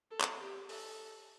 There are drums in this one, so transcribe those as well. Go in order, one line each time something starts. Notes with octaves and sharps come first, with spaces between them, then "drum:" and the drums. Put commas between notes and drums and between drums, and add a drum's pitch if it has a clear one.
A4
drum: clap
G4
A4, drum: open hi-hat